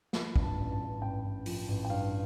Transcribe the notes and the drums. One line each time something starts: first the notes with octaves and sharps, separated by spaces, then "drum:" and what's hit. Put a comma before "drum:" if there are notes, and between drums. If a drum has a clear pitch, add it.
F3 B5, drum: snare
G2, drum: kick
A5
A1
A5
G2
A1 G5
A1
F3, drum: open hi-hat
A1
G5
G2 F5